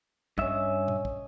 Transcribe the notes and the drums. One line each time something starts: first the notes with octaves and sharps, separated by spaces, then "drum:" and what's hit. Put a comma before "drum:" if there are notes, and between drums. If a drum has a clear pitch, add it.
G2 C#4 D#5 E5, drum: kick
drum: tom A#2
drum: kick